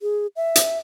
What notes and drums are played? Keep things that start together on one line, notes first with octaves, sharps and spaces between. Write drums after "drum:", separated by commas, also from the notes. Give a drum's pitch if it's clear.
G#4
E5
drum: hi-hat